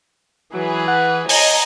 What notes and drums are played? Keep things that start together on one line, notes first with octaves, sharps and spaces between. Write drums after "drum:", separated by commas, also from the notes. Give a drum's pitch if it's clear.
E3 F#3 G#4 B4
F#5
C#5 D#5 G#5 A#5, drum: open hi-hat